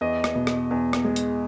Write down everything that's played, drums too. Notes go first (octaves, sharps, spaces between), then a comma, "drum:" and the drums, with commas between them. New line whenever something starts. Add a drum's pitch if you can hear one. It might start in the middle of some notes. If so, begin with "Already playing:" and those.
E2 D#5
drum: rim click
B2
drum: rim click
E2
drum: rim click
G#3
drum: hi-hat